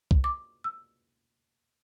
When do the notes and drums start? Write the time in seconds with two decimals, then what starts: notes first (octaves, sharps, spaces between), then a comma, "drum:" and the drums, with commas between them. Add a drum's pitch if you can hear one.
0.11 drum: kick
0.24 D6
0.64 E6